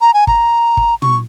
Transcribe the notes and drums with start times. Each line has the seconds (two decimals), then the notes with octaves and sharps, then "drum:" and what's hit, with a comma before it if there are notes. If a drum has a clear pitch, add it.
0.01 A#5
0.14 G#5
0.27 A#5, drum: kick
0.77 drum: kick
1.02 C#6, drum: tom